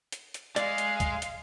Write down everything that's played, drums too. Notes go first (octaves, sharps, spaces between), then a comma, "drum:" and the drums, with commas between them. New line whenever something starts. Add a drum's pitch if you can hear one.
drum: hi-hat
drum: hi-hat
G#3 D5 F5, drum: hi-hat
drum: hi-hat
drum: kick C2, hi-hat
drum: hi-hat